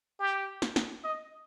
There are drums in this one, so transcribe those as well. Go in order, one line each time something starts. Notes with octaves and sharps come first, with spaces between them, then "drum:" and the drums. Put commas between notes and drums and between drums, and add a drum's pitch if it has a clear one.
G4
drum: snare
drum: snare
D#5